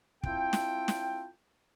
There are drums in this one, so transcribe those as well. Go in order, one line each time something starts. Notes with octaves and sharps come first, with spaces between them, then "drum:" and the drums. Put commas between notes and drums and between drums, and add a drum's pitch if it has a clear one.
C4 E4 F4 A4 G5, drum: kick
drum: snare
drum: snare